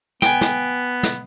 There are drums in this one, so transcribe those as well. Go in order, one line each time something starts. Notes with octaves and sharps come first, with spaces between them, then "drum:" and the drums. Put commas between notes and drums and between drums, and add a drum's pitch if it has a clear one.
B3 G5 G#5, drum: snare
drum: snare
drum: snare